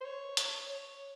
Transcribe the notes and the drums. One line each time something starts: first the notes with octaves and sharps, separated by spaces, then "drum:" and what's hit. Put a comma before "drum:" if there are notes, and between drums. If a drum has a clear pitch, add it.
C5
C#5
C#5, drum: hi-hat
C#5